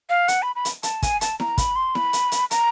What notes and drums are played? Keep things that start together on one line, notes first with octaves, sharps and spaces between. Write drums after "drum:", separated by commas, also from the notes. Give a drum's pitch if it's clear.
F5
F#5, drum: hi-hat
B5
B5
drum: hi-hat
A5, drum: hi-hat
G#5, drum: kick, hi-hat
A5, drum: hi-hat
A#5, drum: snare E4
B5, drum: kick, hi-hat
C6
B5, drum: snare E4
drum: hi-hat
drum: hi-hat
A#5, drum: hi-hat